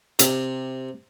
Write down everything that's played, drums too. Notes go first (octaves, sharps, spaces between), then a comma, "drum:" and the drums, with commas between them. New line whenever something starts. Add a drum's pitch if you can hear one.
C3, drum: hi-hat